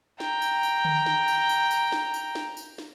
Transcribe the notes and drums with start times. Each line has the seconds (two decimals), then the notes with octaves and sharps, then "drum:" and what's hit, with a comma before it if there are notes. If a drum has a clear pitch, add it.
0.20 G5 A#5, drum: snare
0.42 drum: tambourine
0.63 drum: tambourine
0.85 drum: tom D3
1.06 drum: snare
1.28 drum: tambourine
1.49 drum: tambourine
1.71 drum: tambourine
1.92 drum: snare
2.14 drum: tambourine
2.35 drum: snare
2.57 drum: tambourine
2.78 drum: snare